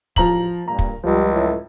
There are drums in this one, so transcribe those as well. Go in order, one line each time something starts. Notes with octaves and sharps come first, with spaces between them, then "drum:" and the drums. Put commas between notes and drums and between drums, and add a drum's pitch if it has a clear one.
A1 F3 A#5 F#7, drum: kick
G2 A#2 A#3 A#5
drum: kick
C#2 F3 G3
F#2 A2